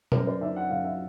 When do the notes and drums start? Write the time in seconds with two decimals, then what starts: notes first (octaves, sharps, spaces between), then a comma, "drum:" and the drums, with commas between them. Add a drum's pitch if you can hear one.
0.12 F#2 A#4 C5, drum: tom B2
0.26 C5 D5
0.41 D#3 D5 E5
0.56 F#5
0.70 F#2 F5
0.84 E5